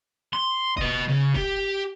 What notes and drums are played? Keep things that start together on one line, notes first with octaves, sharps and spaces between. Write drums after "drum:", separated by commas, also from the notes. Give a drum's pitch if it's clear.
C6
B4 D#5, drum: kick
C#3
G4, drum: kick